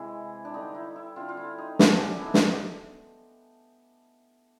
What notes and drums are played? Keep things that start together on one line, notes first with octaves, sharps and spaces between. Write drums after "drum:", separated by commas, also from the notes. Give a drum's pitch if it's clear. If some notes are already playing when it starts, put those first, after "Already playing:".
Already playing: C3 E3 G#3 E4
D4
D3 G3 C4 D#4
E4
E4
D3 G3 C4 F4
F4
E4
D#4
B2 F#3 A3 D4, drum: snare
C#4
D4
E4
D#4
D4, drum: snare